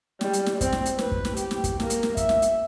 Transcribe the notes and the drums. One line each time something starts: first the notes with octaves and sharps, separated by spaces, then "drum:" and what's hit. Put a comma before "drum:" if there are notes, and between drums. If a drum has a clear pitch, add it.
G3, drum: snare
drum: hi-hat
drum: snare
C4, drum: kick, hi-hat
drum: snare
drum: hi-hat
B4, drum: snare
drum: kick
drum: snare
G4, drum: hi-hat
drum: snare
drum: kick, hi-hat
A#3, drum: snare
drum: hi-hat
drum: snare
E5, drum: kick, hi-hat
drum: snare
drum: hi-hat